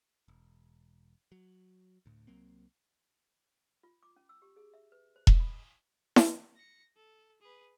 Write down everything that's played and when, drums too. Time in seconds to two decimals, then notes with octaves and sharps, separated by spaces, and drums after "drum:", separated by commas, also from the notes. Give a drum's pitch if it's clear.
0.28 E1
1.32 F#3
2.06 D2 A2
2.27 C2 F#3 A#3 C4
3.83 F4
4.03 D6
4.16 C#4
4.29 E6
4.42 G4
4.56 G#4
4.74 E5
4.92 B4
5.16 C5
5.27 D#5, drum: kick E1
5.40 B5
6.16 drum: snare E4
6.56 A#6 C#7
6.96 A4
7.41 G#4 B4